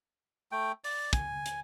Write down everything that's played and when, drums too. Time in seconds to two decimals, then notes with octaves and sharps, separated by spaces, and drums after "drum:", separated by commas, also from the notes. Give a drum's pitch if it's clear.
0.52 A3 G5
0.84 D5, drum: open hi-hat
1.13 G#5, drum: kick, hi-hat
1.46 drum: hi-hat